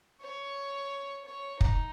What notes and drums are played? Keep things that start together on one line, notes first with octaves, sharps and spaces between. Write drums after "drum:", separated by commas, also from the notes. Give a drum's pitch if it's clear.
C#5
C#5
D#4, drum: kick